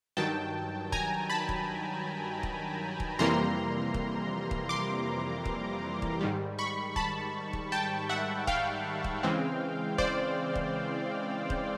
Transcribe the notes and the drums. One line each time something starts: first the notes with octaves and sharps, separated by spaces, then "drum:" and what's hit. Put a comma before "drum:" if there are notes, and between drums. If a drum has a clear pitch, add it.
G2 D#3 F#3 G5 A5
G#5 A#5, drum: kick
A5 B5
drum: kick
drum: kick
drum: kick
F2 C3 E3 G3 A#3 A#5 C6
drum: kick
drum: kick
C6 D6
drum: kick
drum: kick
G#2 D#3 G3
B5 C#6
A5 B5, drum: kick
drum: kick
G5 A5
E5 F#5
F5 G5, drum: kick
drum: kick
C#3 E3 G#3 C4
C5 D5, drum: kick
drum: kick
drum: kick